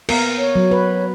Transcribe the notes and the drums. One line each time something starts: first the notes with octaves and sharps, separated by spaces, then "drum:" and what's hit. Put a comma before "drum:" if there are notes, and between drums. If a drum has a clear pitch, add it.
B3 A#4, drum: cymbal
C#5
F#3
B4